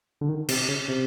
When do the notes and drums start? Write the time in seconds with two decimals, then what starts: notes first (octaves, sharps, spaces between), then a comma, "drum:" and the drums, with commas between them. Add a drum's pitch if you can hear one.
0.21 D3
0.29 D#3
0.49 C3, drum: cymbal
0.69 C#3
0.88 C3